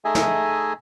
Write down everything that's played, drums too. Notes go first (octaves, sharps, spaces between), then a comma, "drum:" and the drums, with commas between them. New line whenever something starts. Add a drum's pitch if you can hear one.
A3 D#4 G#4 D#5 E5 G#5
drum: snare